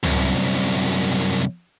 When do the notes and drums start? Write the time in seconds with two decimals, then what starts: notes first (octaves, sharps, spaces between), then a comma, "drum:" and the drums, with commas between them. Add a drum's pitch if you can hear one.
0.03 C2 F#2, drum: tom C#2